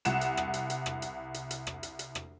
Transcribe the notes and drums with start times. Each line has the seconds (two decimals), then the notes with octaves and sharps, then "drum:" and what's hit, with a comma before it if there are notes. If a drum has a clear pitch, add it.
0.05 C2 F#5 E7, drum: hi-hat
0.21 drum: hi-hat
0.37 drum: rim click
0.54 drum: hi-hat
0.70 drum: hi-hat
0.86 drum: rim click
1.02 drum: hi-hat
1.34 drum: hi-hat
1.51 drum: hi-hat
1.67 drum: rim click
1.83 drum: hi-hat
1.99 drum: hi-hat
2.15 drum: rim click